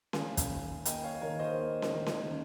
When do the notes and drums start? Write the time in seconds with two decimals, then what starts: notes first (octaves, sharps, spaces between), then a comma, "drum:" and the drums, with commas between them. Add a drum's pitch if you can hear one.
0.13 A#3 F5 G#5, drum: snare C#4
0.37 drum: kick, hi-hat
0.50 D#3
0.85 A#3 D#5 G5, drum: hi-hat
1.03 C#5 F5
1.14 D#5
1.21 D#3 A#4 C#5
1.39 C5 D#5
1.58 A#3
1.82 drum: snare C#4
1.95 D#3
2.06 drum: snare C#4